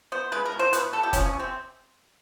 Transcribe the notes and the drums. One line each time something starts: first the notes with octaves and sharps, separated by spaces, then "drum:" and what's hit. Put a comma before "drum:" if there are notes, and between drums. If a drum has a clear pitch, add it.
B3 C5
G#3 B4
A#4
B2
C5
B2 B4, drum: hi-hat
B3 A4
G4
F3 C#4, drum: kick F#1, hi-hat
C#4
C3
C4